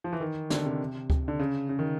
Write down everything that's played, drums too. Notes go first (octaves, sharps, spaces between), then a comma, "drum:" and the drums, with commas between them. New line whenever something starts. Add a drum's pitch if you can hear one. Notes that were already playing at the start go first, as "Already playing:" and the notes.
F3
E3
D#3
D3, drum: snare
C3
drum: kick D2
D3
C#3
C#3
D#3